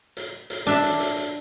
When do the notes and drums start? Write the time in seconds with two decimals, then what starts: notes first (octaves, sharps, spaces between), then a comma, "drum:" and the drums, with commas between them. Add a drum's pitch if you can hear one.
0.17 drum: hi-hat
0.50 drum: hi-hat
0.67 D4 E5, drum: hi-hat
0.83 drum: hi-hat
1.00 drum: hi-hat
1.17 drum: hi-hat